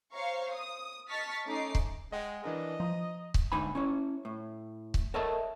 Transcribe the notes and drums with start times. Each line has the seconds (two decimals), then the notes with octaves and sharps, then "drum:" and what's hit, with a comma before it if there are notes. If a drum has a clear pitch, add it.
0.12 C5 C#5 F5 A#5 C#6
0.51 D#6
1.08 D#5 A5 C#6 F6 A6 B6
1.46 A3 C#4 D#4 D6 C7
1.75 drum: kick C#1
2.12 G#3 D#5 F#5 G5
2.44 E3 D4 A#4 D#5
2.80 F3 A#5 D#6
3.34 drum: kick C#1
3.52 G#2 D3 D#4 G#5 B5
3.75 C#4 E4 C#5
4.25 A2
4.94 drum: kick C#1
5.14 A4 A#4 C#5 D#5 E5 A5